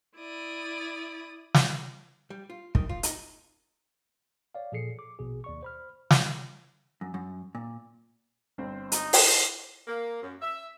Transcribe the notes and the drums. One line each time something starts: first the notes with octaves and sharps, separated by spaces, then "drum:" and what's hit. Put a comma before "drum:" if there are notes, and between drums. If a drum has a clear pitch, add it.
E4 D5 D#6
drum: snare
G3
F4
D#3, drum: kick
F4
D#4, drum: hi-hat
C#5 D5 F5
A#2 F3 G#4 A4 C7 C#7
D6
A#1 B2 G#4
D#2 D5 C#6
C5 B5 F6
drum: snare
F#2
F#2
A#2
G1 C4 C5
D#4, drum: hi-hat
drum: open hi-hat
A#3
F#2
E5